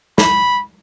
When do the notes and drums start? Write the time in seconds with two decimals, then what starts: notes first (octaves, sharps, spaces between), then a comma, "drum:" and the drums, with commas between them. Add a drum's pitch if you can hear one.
0.18 B5, drum: snare